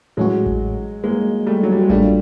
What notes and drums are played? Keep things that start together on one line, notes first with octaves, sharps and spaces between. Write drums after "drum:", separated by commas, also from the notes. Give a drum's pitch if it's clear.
A2 E3 F#3 G#3 A3 C#4 F#4
drum: kick A1
G#3 A#3
G3 A3
F#3
G3
G#3
A2 F#3 G3 A3 A#3 D4 F4, drum: kick A1